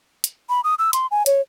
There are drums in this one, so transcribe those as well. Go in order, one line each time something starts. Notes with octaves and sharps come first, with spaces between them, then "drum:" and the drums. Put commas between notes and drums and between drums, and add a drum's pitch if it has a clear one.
drum: hi-hat
B5
D#6
E6
C6, drum: hi-hat
G#5
C#5, drum: hi-hat